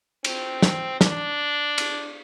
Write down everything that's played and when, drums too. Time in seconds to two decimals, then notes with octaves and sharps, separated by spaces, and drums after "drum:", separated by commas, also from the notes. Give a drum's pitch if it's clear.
0.25 C4, drum: cymbal
0.62 drum: snare
1.01 D4, drum: snare
1.78 drum: cymbal